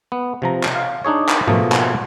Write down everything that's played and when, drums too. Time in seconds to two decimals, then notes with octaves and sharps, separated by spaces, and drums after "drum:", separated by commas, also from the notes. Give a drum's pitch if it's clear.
0.12 B3
0.42 C3 F3 A#5
0.64 drum: clap
0.76 F5
1.04 D4 D#4 G#4 C#5
1.29 drum: clap
1.48 B2 F3 A3 A#3 G#4, drum: tom G#2
1.72 drum: clap